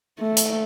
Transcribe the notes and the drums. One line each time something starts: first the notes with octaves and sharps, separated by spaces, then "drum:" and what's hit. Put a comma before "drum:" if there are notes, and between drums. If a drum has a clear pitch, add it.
A3
drum: hi-hat